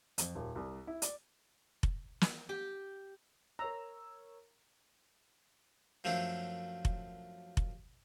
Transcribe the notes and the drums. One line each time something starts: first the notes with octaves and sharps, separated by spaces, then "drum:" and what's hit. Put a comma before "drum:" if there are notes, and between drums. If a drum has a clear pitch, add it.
F2, drum: hi-hat
D#1
C2
E4
D5, drum: hi-hat
drum: kick F1
drum: snare
G4
A#4 C#5 A#5 E6
F#2 F3 A3 C4 D4
drum: kick F1
drum: kick F1